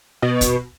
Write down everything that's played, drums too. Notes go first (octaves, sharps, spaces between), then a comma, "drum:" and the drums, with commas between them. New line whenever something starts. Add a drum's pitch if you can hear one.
B2
drum: kick, hi-hat